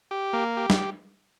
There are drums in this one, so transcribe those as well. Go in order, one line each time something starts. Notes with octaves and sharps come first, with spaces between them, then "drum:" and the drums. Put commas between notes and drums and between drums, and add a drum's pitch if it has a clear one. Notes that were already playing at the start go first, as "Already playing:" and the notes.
G4
A#3
G4
drum: snare